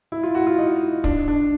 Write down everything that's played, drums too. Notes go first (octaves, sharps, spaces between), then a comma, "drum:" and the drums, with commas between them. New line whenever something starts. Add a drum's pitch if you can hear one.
E4
F4
F#4
F4
D#4
D4, drum: kick
D4